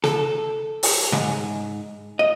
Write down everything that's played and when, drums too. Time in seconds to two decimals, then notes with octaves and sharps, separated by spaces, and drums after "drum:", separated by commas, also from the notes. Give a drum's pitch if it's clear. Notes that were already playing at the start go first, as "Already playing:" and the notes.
0.04 A4, drum: snare
0.83 drum: open hi-hat
1.12 G#2, drum: snare
2.19 D#5